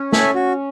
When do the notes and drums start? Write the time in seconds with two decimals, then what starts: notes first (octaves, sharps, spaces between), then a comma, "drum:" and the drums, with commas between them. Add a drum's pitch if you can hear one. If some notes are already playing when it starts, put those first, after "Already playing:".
Already playing: C#4
0.12 A4 C#5 E5 G#5, drum: snare
0.35 F#4